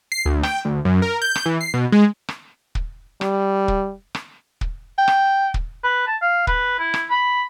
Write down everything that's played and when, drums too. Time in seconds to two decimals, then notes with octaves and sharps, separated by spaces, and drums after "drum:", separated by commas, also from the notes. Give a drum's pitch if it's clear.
0.12 C7
0.25 D2
0.43 G5, drum: rim click
0.65 D2
0.85 F#2
1.02 A#4
1.22 G6
1.35 drum: rim click
1.46 E3
1.61 C7
1.74 B2
1.92 G#3
2.29 drum: rim click
2.75 drum: kick
3.21 G3, drum: rim click
3.68 drum: kick
4.15 drum: rim click
4.61 drum: kick
4.98 G5
5.08 drum: rim click
5.54 drum: kick
5.84 B4
6.07 A5
6.21 F5
6.47 B4, drum: kick
6.79 E4
6.94 drum: rim click
7.10 B5